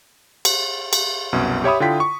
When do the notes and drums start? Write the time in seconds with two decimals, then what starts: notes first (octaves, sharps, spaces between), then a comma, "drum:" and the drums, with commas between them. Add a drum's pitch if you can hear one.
0.45 drum: cymbal
0.93 drum: cymbal
1.33 C2 F#2 B2
1.64 G4 C#5 E5 B5 D#6
1.80 D3 E4 F4 G5 B6
2.00 C#6